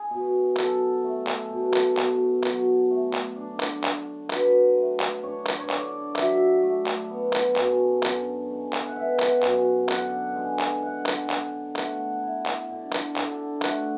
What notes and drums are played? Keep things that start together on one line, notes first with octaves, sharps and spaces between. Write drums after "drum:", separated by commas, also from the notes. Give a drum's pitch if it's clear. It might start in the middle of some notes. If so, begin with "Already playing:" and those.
Already playing: G#4
B2
F#3 A4, drum: clap
A3
drum: clap
B2
drum: clap
B2, drum: clap
F#3, drum: clap
A3
drum: clap
D4
drum: clap
D3, drum: clap
F#3 B4, drum: clap
A3
drum: clap
D4 C#5
drum: clap
C#5
D3 D5, drum: clap
F#3 E5, drum: clap
A3
drum: clap
B3
drum: clap
F#2, drum: clap
D3, drum: clap
G#3
drum: clap
F#5
B3 E5
drum: clap
F#2, drum: clap
D3 F#5, drum: clap
G#3
drum: clap
D3 F#5
drum: clap
D3, drum: clap
A3 F#5, drum: clap
E4
drum: clap
D3
drum: clap
D3, drum: clap
A3 F#5, drum: clap